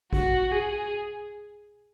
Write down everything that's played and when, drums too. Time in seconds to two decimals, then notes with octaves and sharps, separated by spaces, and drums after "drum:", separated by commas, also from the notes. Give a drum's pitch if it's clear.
0.13 F#4, drum: kick A1
0.52 G#4